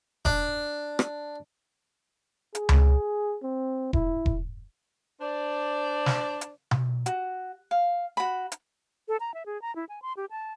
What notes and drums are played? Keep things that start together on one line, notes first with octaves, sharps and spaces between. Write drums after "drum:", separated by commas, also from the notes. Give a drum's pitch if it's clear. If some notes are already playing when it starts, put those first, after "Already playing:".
D4, drum: kick E1
drum: rim click
G#4, drum: hi-hat
drum: tom C#2
C4
E4, drum: kick E1
drum: kick E1
D4 C5 D5
drum: snare
drum: hi-hat
drum: tom B2
F#4, drum: hi-hat
F5
F#4 B5
drum: hi-hat
A4
A#5
E5
G#4
A#5
E4
G#5
C6
G4
A5